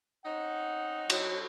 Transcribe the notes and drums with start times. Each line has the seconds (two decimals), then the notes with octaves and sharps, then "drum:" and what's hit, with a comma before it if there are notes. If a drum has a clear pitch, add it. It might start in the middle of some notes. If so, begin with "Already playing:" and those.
0.25 C4 C#4 D#4 F#5
1.10 F#3, drum: cymbal